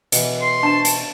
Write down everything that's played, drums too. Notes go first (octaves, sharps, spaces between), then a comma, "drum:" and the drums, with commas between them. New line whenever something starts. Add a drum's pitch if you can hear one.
B2 E3, drum: hi-hat
C6
D4 A5
drum: hi-hat